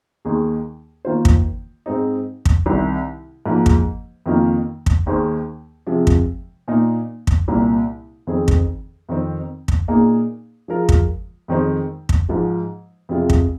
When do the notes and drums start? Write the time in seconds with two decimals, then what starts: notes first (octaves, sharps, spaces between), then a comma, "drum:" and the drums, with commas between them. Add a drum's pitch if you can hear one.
0.25 D#2 D#3 A#3 G#4
1.05 D#3 A#3 F4 C5
1.25 drum: kick
1.86 G#2 G#3 C4 D#4
2.45 drum: kick
2.66 C2 C3 D#3
3.46 G#2 F3 A#3
3.66 drum: kick
4.26 F2 D#3 A#3 F4
4.86 drum: kick
5.06 D#2 D#3 A#3 G#4 C5
5.87 C3 F3 G#3
6.07 drum: kick
6.68 A#2 A#3 D#4
7.27 drum: kick
7.48 C2 A#2 A#3
8.27 F2 D#3 C4 G#4
8.48 drum: kick
9.09 F2 D#3 C4
9.68 drum: kick
9.88 A#2 A#3 D#4 G#4
10.68 F3 G#3 F4 A#4
10.89 drum: kick
11.48 F2 D#3 G#3 D#4 C5
12.09 drum: kick
12.29 G#2 F3 G#3
13.09 F2 C3 G#3 F4
13.30 drum: kick